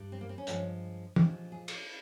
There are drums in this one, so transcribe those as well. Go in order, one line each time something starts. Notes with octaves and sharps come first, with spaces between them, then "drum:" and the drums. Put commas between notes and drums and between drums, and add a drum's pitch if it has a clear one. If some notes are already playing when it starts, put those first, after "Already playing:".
Already playing: G2 G3
C4
A#3
C4
C#4
G2 F3 G#3, drum: hi-hat
A#2 F3 G#3 G4, drum: tom
G#4
drum: cymbal